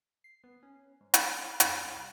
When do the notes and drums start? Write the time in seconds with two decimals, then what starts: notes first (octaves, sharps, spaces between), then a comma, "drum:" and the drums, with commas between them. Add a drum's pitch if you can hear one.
0.24 C7
0.44 B3
0.63 C#4
1.00 G#2
1.14 drum: hi-hat
1.27 G5
1.60 F2, drum: hi-hat
1.76 G3
1.90 C2